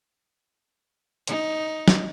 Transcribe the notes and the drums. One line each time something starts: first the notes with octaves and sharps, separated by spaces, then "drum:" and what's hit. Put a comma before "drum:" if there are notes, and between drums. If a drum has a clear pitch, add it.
D#4, drum: hi-hat
drum: snare